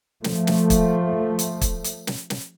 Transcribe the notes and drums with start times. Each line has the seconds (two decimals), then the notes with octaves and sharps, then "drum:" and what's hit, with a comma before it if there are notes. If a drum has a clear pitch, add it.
0.24 F3 A3, drum: snare
0.47 drum: snare
0.70 drum: kick, hi-hat
1.39 drum: hi-hat
1.61 drum: kick, hi-hat
1.84 drum: hi-hat
2.07 drum: snare
2.30 drum: snare